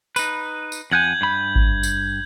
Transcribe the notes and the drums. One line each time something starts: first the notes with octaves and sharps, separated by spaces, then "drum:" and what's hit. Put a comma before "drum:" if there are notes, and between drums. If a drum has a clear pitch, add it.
D#4 B4, drum: tambourine
drum: tambourine
F2 F#5 G#5 G6 G#6 F#7
G2 B5
drum: kick G#1
drum: tambourine